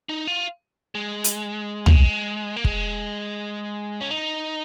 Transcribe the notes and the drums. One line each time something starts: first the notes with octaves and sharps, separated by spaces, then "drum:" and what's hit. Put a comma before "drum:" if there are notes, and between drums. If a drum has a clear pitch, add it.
D#4
F4
G#3
drum: hi-hat
A#3, drum: tom
G#3
A#3
G#3, drum: kick
C#4
D#4